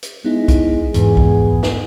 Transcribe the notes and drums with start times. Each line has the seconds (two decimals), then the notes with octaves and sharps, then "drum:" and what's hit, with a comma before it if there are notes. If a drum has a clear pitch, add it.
0.03 drum: hi-hat
0.25 G#3 B3 D#4 E4
0.48 drum: kick B1, hi-hat
0.94 E2 G#2 E3 B3 G#4, drum: hi-hat
1.17 drum: kick B1
1.63 drum: snare